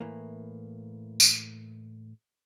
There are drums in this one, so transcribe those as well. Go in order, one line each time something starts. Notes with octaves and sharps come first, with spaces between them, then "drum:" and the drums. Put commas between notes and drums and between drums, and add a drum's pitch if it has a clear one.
A2 E3 A#3
drum: tambourine